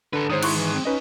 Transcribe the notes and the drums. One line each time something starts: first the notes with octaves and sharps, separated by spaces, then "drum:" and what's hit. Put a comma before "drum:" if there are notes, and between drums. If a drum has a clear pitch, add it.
D3 A4 B4
D#3 G#3 C5 C#5 D#6
E4 C6 C#6 F#6, drum: cymbal
E3
C4
C#4 D#4 B4 D#5